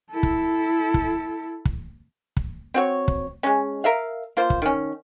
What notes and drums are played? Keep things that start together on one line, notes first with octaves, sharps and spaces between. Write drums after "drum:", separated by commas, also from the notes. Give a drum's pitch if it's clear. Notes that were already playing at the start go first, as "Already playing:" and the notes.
E4 A4
drum: kick
drum: kick
drum: kick
drum: kick
C4 F#4 C#5
drum: kick
G#3 C#4
A#4 E5 F5
A#3 F4 C5
drum: kick
D#3 C#4